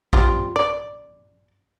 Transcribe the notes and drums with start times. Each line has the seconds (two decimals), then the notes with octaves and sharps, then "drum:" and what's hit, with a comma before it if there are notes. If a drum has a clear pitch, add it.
0.13 G3 C4 F4, drum: kick A#1
0.56 D5